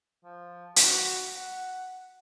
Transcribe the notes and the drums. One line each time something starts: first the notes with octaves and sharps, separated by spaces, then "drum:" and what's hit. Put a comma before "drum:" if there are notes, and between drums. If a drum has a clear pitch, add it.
F3
F#4, drum: hi-hat
F#5